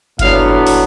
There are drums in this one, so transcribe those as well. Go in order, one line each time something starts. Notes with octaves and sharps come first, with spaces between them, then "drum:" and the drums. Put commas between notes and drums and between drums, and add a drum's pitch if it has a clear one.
A2 F#3 B3 D4 F5, drum: kick G1, hi-hat
drum: open hi-hat